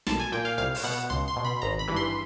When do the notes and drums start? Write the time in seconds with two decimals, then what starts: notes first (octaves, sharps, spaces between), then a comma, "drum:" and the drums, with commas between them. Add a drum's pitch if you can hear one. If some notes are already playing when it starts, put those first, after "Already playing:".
0.07 B1 A5, drum: snare
0.20 G#5
0.32 A#2 G5
0.45 F5
0.58 C2 F5
0.75 drum: open hi-hat
0.84 B2 F#5
1.10 C#2 C6
1.28 C6
1.36 B2
1.45 B5
1.62 G#1 A#5
1.79 B5
1.88 G2 E3
1.96 C6